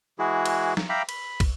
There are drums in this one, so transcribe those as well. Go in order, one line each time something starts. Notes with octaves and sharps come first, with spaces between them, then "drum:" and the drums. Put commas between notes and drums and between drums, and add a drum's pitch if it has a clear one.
E3 G#3 E4 F#4 G#4
drum: cymbal
drum: snare
E5 F5 G5 A#5 B5 D6
B5, drum: cymbal
drum: kick, cymbal